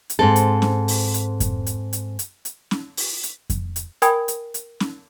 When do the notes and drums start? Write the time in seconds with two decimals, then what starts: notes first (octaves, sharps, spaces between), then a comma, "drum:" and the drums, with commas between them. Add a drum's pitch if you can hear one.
0.10 drum: hi-hat
0.19 G#2 C4 A4
0.36 drum: hi-hat
0.62 drum: snare C#4
0.88 drum: open hi-hat
1.14 drum: hi-hat
1.40 drum: kick F2, hi-hat
1.66 drum: hi-hat
1.93 drum: hi-hat
2.19 drum: hi-hat
2.45 drum: hi-hat
2.71 drum: snare C#4
2.97 drum: open hi-hat
3.23 drum: hi-hat
3.50 drum: kick F2, hi-hat
3.76 drum: hi-hat
4.02 A#4 G5 G#5 B5 D#6 G#6, drum: hi-hat
4.28 drum: hi-hat
4.54 drum: hi-hat
4.80 drum: snare C#4